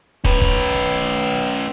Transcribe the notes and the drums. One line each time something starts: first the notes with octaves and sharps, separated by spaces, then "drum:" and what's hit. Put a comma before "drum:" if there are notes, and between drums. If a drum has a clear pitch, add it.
C#4 B4, drum: kick
drum: kick